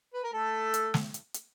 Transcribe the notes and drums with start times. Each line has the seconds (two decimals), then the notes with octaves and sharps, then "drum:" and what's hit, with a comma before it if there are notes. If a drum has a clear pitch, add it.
0.14 B4
0.23 A#4
0.33 A3 A4
0.74 drum: hi-hat
0.94 drum: snare
1.14 drum: hi-hat
1.34 drum: hi-hat